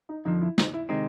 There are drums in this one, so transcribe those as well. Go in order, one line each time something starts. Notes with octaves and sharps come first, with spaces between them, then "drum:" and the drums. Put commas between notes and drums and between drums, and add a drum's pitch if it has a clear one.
D#4
F2 D3 F3 D#4
E4
D#4, drum: snare
E4
C3 D#3 G#3 C4 D#4